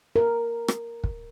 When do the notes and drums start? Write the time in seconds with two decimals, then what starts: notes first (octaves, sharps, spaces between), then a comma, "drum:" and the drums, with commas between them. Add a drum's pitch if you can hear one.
0.16 A#4
0.68 drum: rim click
1.04 drum: kick